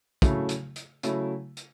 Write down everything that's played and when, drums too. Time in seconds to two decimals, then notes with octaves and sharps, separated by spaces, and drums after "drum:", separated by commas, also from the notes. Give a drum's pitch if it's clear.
0.22 C#3 F#3 A3 E4, drum: kick, hi-hat
0.49 drum: hi-hat
0.76 drum: hi-hat
1.03 C#3 F#3 A3 E4, drum: hi-hat
1.57 drum: hi-hat